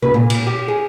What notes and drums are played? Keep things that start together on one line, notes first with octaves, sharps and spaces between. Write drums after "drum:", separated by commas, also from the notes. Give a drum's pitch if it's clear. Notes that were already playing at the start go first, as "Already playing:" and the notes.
B4, drum: tom C3
A#2
A#2, drum: cymbal
G4
G#4